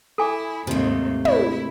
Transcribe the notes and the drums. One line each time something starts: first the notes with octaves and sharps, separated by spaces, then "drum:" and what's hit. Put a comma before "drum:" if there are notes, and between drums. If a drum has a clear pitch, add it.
E4 A4 G#5 D6
D#2 G#2 C3 A3
E4, drum: tom